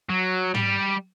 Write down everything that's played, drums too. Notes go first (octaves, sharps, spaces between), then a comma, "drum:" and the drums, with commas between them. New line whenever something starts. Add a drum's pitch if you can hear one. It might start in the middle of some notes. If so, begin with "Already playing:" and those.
F#3
G3, drum: tom G#2